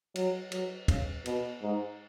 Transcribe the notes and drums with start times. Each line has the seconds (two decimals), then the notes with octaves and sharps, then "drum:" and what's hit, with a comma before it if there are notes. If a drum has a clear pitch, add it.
0.16 F#3, drum: cymbal
0.52 F#3, drum: cymbal
0.88 C#3, drum: kick, cymbal
1.26 B2, drum: cymbal
1.62 G#2